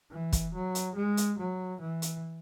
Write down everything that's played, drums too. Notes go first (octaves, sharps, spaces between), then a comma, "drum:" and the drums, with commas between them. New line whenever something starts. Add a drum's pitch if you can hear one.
E3
drum: kick, hi-hat
F#3
drum: hi-hat
G#3
drum: hi-hat
F#3
E3
drum: hi-hat